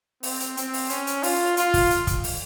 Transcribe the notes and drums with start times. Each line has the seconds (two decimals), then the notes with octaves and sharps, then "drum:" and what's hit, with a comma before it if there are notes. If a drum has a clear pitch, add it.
0.23 C4, drum: open hi-hat
0.40 drum: hi-hat
0.57 C4, drum: hi-hat
0.74 drum: open hi-hat
0.90 C#4, drum: hi-hat
1.07 drum: hi-hat
1.23 F4, drum: open hi-hat
1.57 F4, drum: hi-hat
1.74 drum: kick, open hi-hat
1.90 drum: hi-hat
2.07 drum: kick, hi-hat
2.24 drum: open hi-hat